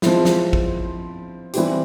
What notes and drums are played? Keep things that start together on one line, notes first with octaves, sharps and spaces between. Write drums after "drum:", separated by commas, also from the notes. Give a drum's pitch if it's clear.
F3 G#3 C4 E4, drum: snare
drum: snare
drum: kick A1
E3 G3 C4 E4 G4, drum: hi-hat